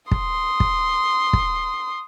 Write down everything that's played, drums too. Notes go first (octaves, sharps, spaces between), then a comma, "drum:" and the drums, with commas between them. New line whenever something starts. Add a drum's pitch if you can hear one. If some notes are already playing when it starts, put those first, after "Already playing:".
C6 D#6, drum: kick
drum: kick
drum: kick